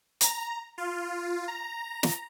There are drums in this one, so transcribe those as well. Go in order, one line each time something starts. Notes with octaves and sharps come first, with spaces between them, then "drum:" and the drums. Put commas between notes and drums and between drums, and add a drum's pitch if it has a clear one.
A#5, drum: hi-hat
F4
A#5
drum: snare